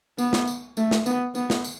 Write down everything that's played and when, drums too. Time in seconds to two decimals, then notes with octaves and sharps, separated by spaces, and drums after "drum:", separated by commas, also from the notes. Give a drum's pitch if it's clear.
0.18 B3, drum: tambourine
0.33 drum: snare
0.47 drum: tambourine
0.77 A3, drum: tambourine
0.91 drum: snare
1.06 B3, drum: tambourine
1.35 B3, drum: tambourine
1.50 drum: snare
1.64 drum: tambourine